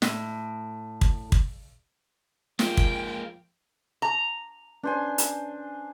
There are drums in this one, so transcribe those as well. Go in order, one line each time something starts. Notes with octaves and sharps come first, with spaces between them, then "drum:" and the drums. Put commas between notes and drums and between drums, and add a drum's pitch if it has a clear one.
A2, drum: snare
drum: kick
drum: kick
F3 G#3 A#3 G5, drum: snare
drum: kick
A#5
C#4 D4 B4 C5 G#5
drum: hi-hat